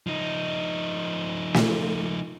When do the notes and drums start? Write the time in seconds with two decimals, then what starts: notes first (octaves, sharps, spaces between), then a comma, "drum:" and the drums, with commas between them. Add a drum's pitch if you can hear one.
0.07 F3 D#4
1.54 drum: snare